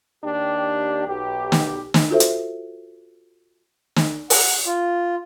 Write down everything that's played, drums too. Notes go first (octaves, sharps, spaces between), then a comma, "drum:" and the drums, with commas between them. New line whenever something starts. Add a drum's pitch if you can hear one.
D#2 D4 G4
B1 G4
drum: snare
drum: snare
F4 F#4 A4 C5 E5
drum: hi-hat
drum: snare
F#5, drum: open hi-hat
F4